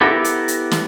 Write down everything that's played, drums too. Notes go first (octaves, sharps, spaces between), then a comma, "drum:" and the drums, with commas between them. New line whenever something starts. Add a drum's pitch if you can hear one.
B3 E4 G4 A4 A#4 F#5
drum: hi-hat
drum: hi-hat
drum: snare